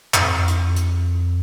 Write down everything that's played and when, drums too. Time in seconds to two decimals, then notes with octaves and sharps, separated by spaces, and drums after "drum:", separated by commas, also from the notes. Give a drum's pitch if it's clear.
0.14 F2, drum: clap
0.48 drum: hi-hat
0.76 drum: hi-hat